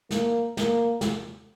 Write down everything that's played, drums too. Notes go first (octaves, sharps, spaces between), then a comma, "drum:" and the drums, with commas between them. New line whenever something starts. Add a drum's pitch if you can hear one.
A#3, drum: snare
A#3, drum: snare
drum: snare